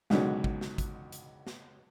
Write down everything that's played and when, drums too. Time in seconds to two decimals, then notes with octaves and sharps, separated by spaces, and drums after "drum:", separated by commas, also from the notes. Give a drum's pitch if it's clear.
0.10 C#2 G#2 B2 D3 F#3 C#4, drum: snare
0.44 drum: kick
0.61 drum: snare
0.78 drum: kick, hi-hat
1.12 drum: hi-hat
1.47 drum: snare